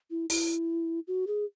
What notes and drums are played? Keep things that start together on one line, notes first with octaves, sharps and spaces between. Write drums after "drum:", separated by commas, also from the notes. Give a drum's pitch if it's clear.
E4
E4, drum: open hi-hat
F#4
G#4